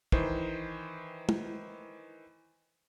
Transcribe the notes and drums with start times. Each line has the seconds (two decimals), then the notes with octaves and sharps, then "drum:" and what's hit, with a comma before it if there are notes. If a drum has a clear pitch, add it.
0.12 D#3 E3 C5, drum: kick
1.29 drum: tom